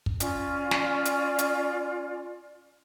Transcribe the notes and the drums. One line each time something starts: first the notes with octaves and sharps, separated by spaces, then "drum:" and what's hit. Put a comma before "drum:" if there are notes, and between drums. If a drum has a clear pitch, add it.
drum: kick
C#4 F4 D5, drum: hi-hat
drum: snare
drum: hi-hat
drum: hi-hat